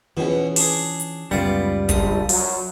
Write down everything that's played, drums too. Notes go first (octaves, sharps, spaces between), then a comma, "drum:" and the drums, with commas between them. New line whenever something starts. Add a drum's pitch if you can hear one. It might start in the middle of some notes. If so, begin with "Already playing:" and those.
E2 B2 E3 F3 C#4
D4 G#4, drum: open hi-hat
drum: hi-hat
C#2 F#2 G3 B3 F4 D5 F#5
A#1 D#6, drum: kick, hi-hat
F#3, drum: open hi-hat